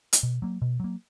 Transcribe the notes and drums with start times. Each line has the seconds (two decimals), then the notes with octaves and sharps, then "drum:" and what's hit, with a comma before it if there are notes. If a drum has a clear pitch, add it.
0.13 drum: hi-hat
0.23 B2
0.42 F#3 A#3
0.62 B2
0.80 F#3 A#3